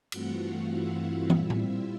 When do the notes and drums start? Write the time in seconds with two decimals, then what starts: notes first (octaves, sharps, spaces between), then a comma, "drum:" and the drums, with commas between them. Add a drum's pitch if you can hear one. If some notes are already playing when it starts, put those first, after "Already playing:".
0.12 G2 E3 A3 C4 F4 F#4 F#5, drum: cymbal
0.41 F4 F5
0.71 E4 E5
1.30 A#2 G3 C4 F4, drum: tom
1.50 drum: tom A2